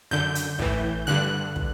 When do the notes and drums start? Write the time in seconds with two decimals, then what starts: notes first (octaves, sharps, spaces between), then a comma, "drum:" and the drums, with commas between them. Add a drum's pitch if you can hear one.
0.11 F#2 D3 G6
0.35 drum: hi-hat
0.59 A2 E3, drum: kick
1.07 G2 D3 F#6
1.56 drum: kick